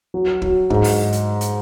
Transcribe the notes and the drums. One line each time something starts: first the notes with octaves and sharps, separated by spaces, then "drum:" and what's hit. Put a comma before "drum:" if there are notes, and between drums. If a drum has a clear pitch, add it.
F#3
F#3, drum: kick
G#2, drum: kick
drum: open hi-hat
drum: hi-hat
drum: hi-hat